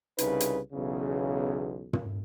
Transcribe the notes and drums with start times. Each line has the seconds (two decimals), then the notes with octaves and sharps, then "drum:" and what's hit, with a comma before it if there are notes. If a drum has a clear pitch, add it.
0.18 C2 C#3 D#4 B4, drum: hi-hat
0.40 drum: hi-hat
0.73 B1 E2 C#3
1.93 drum: tom